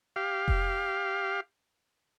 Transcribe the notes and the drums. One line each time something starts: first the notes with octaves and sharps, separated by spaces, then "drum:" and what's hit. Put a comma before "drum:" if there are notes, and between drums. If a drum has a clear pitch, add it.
G4 F5
drum: kick F1